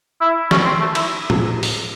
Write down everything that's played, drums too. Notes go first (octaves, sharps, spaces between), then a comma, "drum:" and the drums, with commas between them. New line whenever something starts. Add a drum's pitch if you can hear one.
E4
C#4, drum: snare
C4
A3
E4, drum: cymbal
drum: tom
drum: open hi-hat